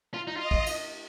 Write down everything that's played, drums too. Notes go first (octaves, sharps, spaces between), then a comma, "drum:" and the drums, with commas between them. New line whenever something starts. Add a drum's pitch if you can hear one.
F4
D#4
F4 D#5
drum: kick
drum: cymbal